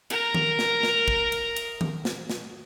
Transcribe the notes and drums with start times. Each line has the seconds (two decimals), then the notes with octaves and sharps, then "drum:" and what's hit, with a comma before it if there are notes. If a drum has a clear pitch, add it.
0.10 A#4 A#5, drum: cymbal
0.35 drum: tom D#3
0.59 drum: snare
0.83 drum: snare
1.08 drum: kick
1.32 drum: cymbal
1.56 drum: cymbal
1.81 drum: tom D#3
2.05 drum: snare
2.30 drum: snare